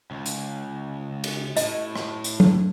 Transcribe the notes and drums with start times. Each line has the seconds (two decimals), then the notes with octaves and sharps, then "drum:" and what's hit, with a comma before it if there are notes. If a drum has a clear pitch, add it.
0.11 C#2
0.26 drum: hi-hat
1.24 drum: cymbal
1.57 A2 D#5, drum: hi-hat
1.96 drum: rim click
2.24 drum: hi-hat
2.40 drum: tom F#3